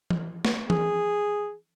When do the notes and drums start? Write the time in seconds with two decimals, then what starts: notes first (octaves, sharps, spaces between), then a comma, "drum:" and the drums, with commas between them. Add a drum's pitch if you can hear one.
0.10 drum: tom E3
0.45 drum: snare
0.70 G#4, drum: tom E3